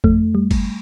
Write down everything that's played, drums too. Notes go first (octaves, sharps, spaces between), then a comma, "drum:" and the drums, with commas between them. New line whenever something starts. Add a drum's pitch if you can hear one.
F2 A3, drum: kick
G3
drum: kick, cymbal